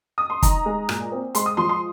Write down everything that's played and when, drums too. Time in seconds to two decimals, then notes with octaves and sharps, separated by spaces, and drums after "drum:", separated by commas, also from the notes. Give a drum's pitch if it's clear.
0.18 D#6
0.30 C6
0.43 D#4 A#5, drum: kick, hi-hat
0.66 G#3
0.89 A#2, drum: rim click
1.12 C4
1.35 G#3 C6, drum: hi-hat
1.46 D#6
1.57 F3 C6
1.69 C6